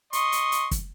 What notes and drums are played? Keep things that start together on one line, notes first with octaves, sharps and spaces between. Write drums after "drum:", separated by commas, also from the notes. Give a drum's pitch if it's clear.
D#5 C6 C#6, drum: hi-hat
drum: hi-hat
drum: hi-hat
drum: kick, hi-hat